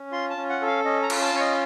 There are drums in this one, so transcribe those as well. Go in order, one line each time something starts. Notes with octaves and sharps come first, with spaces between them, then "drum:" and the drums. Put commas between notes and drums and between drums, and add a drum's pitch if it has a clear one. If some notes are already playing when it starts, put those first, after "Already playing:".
Already playing: C#4
F4 C6
A5
C#4
F#5
A4
F5
C#4 D#5
A#5
F4, drum: cymbal
A5
C#4 C#5
D#5